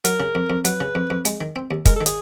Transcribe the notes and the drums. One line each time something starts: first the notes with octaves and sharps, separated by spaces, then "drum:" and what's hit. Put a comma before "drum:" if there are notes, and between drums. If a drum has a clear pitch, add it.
F#3 A#4, drum: hi-hat
C#3
F2
F2
F#3 B4, drum: hi-hat
C#3
F2
F2
G#3, drum: hi-hat
D#3
C4
D#2
G#3 A#4, drum: kick, hi-hat
A4
D#3
G#4, drum: hi-hat